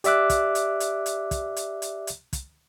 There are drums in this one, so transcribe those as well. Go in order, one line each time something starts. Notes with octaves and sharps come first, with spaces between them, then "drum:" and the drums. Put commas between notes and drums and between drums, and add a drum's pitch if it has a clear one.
G4 D5 E5 D6 F#6, drum: hi-hat
drum: kick, hi-hat
drum: hi-hat
drum: hi-hat
drum: hi-hat
drum: kick, hi-hat
drum: hi-hat
drum: hi-hat
drum: hi-hat
drum: kick, hi-hat